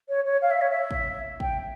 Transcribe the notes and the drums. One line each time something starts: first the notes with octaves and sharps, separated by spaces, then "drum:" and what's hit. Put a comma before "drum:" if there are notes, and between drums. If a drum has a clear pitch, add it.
C#5
C#5
F5
E5
C#5
E5
drum: kick
G5, drum: kick